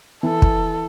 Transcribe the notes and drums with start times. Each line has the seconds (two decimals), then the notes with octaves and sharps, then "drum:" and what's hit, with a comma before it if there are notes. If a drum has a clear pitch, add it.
0.23 E3 A4
0.42 drum: kick